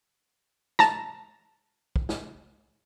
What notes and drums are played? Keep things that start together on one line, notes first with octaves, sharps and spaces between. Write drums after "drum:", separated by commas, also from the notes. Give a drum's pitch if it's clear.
A5 A#5, drum: snare
drum: kick
drum: snare